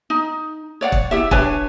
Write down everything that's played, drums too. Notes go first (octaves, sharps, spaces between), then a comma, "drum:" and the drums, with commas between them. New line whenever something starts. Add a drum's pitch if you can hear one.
D#4
C#5 D5 F5 F#5
drum: kick
E4 G4 E5
D4 B4 C#5 G#5, drum: kick